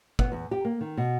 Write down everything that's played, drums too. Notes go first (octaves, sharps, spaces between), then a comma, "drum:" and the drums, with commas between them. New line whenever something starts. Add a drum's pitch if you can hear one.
B3, drum: kick
E2
G4
A#3
D#3
B2